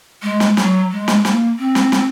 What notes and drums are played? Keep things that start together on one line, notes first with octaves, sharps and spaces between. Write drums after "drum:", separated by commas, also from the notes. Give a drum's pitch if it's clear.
G#3
drum: snare
F#3, drum: snare
G#3
drum: snare
A#3, drum: snare
C4
drum: snare
drum: snare